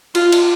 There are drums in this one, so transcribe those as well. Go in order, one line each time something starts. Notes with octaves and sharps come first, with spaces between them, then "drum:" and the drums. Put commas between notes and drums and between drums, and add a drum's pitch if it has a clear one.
F4, drum: cymbal
drum: cymbal